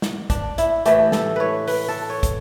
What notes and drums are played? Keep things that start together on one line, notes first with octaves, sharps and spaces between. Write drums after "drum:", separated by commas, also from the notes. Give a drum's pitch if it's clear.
drum: snare
D4, drum: kick, hi-hat
E4, drum: hi-hat
A2 E3 A3 G4, drum: hi-hat
A4, drum: snare
B4 C#5
B4, drum: open hi-hat
A4
C#5
drum: kick, hi-hat